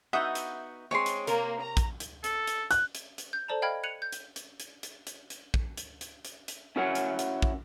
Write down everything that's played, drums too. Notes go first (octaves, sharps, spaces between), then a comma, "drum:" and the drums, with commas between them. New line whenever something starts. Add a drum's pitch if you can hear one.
B3 D#4 F#4 E5 F#5 D#6 G6
drum: hi-hat
G#3 C4 G#4 C#5 C6
drum: hi-hat
C3 A#3 A#4, drum: hi-hat
A#5
drum: kick, hi-hat
drum: hi-hat
A4, drum: hi-hat
drum: hi-hat
F#6, drum: hi-hat
drum: hi-hat
drum: hi-hat
G6
A4 C5 D5 A5 A#5
D#5 F5 G5 B5 F6 G#6
F#6 G#6 C#7 D#7 F7 F#7
G6
drum: hi-hat
drum: hi-hat
drum: hi-hat
drum: hi-hat
drum: hi-hat
drum: hi-hat
drum: kick
drum: hi-hat
drum: hi-hat
drum: hi-hat
drum: hi-hat
C#4 E4 F#4 A#4 C#5 F#5
drum: hi-hat
drum: hi-hat
drum: kick